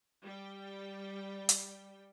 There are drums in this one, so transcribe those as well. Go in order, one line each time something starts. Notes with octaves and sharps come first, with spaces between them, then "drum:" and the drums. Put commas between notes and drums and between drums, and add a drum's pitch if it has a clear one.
G3 G5
drum: hi-hat